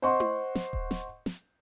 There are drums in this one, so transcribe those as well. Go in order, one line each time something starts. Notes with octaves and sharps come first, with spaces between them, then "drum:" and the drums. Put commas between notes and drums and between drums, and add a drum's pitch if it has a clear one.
C5 D#5 F#5 C6 C#6
drum: tom E4
drum: snare
drum: kick D#1
drum: snare
drum: snare